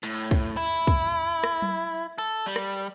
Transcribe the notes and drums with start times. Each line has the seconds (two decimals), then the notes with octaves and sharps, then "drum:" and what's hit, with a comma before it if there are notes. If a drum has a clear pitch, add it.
0.03 A2
0.31 drum: kick
0.57 E4
0.87 drum: kick
1.44 drum: rim click
1.62 drum: tom F#3
2.18 A4
2.46 G3
2.56 drum: rim click